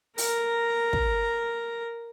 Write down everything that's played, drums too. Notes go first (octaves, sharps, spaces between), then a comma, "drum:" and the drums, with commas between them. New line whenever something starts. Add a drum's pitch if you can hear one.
A#4 A#5, drum: open hi-hat
drum: kick